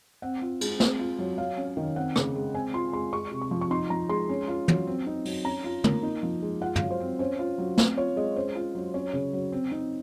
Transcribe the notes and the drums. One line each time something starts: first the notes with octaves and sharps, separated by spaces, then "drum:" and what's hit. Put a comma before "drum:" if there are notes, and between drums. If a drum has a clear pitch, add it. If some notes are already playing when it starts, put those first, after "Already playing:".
C4 F#5
F4
G#3, drum: cymbal
C4, drum: snare
F4
F#3
F#3 F5
C#4
D#3
C4 F#5
C#3, drum: rim click
G#3
C4 G#5
F4 C6
G#3 C6
G#3 C#6
C3
C#6
F3
C#6
D#4 C6
F3 A#5
G#3 C6
C#4
F4
F#3, drum: tom
C4
D#4
F#3, drum: open hi-hat
C#4 A#5
F4
A#3, drum: tom
D#4
F3
G#3
F4 F#5
F5, drum: tom
F#3
C5
C4
C#4 C5
F4
F#3
C4, drum: snare
F4 C#5
G#3 D#5
C#4 C5
F4
F#3
C#4 C#5
C#3
F#3
C4
D#4